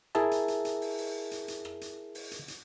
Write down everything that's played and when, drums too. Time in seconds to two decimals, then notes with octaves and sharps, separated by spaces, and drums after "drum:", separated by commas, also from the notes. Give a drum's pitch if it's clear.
0.15 E4 G#4 A#4 E5 A5, drum: rim click
0.31 drum: hi-hat
0.48 drum: hi-hat
0.65 drum: hi-hat
0.81 drum: open hi-hat
0.98 drum: open hi-hat
1.31 drum: hi-hat
1.48 drum: hi-hat
1.65 drum: rim click
1.81 drum: hi-hat
2.15 drum: open hi-hat
2.31 drum: hi-hat
2.48 drum: hi-hat